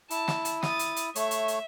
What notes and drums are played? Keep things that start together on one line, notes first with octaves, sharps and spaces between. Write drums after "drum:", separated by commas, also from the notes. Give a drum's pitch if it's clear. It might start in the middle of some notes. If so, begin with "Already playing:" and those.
E4 A5, drum: hi-hat
drum: snare
drum: hi-hat
D#6 A6, drum: snare
drum: hi-hat
drum: hi-hat
A3 C#5 E5, drum: hi-hat
drum: hi-hat
drum: hi-hat